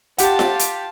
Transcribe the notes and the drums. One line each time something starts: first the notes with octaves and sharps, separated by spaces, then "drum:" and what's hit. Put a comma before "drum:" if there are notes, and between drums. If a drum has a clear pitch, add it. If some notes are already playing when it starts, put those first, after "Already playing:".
F4 G4 F#5 A5, drum: hi-hat
drum: snare F4
drum: hi-hat